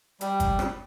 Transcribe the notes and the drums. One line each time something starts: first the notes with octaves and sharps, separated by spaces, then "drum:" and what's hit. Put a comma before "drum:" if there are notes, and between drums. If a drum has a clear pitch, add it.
G3, drum: hi-hat
drum: kick G1, hi-hat
drum: rim click